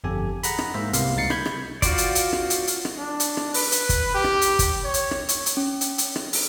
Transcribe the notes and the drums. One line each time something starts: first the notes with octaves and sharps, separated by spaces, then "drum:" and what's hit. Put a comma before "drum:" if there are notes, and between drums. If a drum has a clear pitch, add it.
G1 F2 G4 A4 G#5
G#4 F#5 A#5 B5, drum: hi-hat
drum: rim click
G#2 A#3 C5 E5
C2 C3 A#3 B3 F5, drum: hi-hat
C#2 G3 D#4 A6 C7 C#7
B5 G6 G#6, drum: rim click
drum: rim click
F4 F#4 C5 D5, drum: kick, hi-hat
drum: hi-hat
drum: hi-hat
drum: rim click
drum: hi-hat
drum: hi-hat
drum: rim click
D4
drum: hi-hat
drum: rim click
B4, drum: open hi-hat
drum: hi-hat
drum: kick, hi-hat
G4
drum: rim click
drum: hi-hat
drum: kick, hi-hat
C#5
drum: hi-hat
drum: rim click
drum: hi-hat
drum: hi-hat
C#4
drum: hi-hat
drum: hi-hat
drum: rim click
drum: open hi-hat